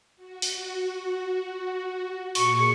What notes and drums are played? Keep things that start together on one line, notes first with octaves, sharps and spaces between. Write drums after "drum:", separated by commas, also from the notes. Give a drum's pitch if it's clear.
F#4
drum: open hi-hat
A#2 G#4 C#6, drum: open hi-hat